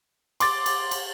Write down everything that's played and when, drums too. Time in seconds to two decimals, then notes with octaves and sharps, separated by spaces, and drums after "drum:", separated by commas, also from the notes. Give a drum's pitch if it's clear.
0.40 C6 D6 A6, drum: cymbal
0.66 drum: cymbal
0.91 drum: cymbal